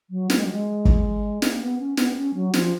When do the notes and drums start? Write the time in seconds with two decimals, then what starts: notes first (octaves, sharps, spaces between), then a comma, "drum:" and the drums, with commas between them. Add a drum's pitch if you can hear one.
0.10 F#3
0.30 A#3, drum: snare
0.37 G#3
0.45 F#3
0.52 G#3
0.85 drum: kick
1.42 A#3, drum: snare
1.60 B3
1.79 C#4
1.97 B3, drum: snare
2.10 B3
2.16 C#4
2.34 F#3
2.54 F3, drum: snare